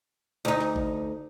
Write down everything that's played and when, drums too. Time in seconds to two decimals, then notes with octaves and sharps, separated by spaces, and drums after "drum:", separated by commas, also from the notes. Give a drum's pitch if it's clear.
0.45 D2 D#4
0.60 drum: snare
0.76 drum: kick G#1